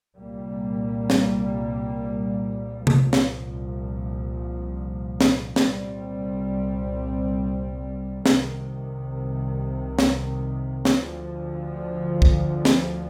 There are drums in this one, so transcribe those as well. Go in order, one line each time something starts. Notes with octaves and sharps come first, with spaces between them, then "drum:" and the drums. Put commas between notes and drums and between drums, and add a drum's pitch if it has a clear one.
C2 A#2 G3 A#3
drum: snare
C2 A#2 F3, drum: tom C3
drum: snare
drum: snare
C2 A#2 G3 C4, drum: snare
C2 C3 D#3, drum: snare
drum: snare
drum: snare
D2 D3 F3
drum: kick
drum: snare